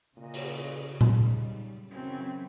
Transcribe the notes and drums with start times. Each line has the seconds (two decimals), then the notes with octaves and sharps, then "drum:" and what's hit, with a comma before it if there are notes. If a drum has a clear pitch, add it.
0.17 A#2 C#3 F#4 D#5
0.34 drum: open hi-hat
1.01 G3 D#4, drum: tom A#2
1.91 F#2 C#3 E3 F#3 C4 C#4